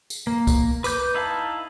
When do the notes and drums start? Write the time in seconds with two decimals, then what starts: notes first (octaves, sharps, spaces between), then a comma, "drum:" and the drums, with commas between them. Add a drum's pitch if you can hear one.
0.10 drum: tambourine
0.27 A#3
0.47 drum: kick, tambourine
0.84 B4 D6 G6, drum: tambourine
1.14 D#4 E4 F5 A5